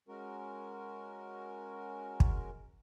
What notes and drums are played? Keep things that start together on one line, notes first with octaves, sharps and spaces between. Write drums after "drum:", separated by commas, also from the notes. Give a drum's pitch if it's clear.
G#3 C#4 F#4 A#4
drum: kick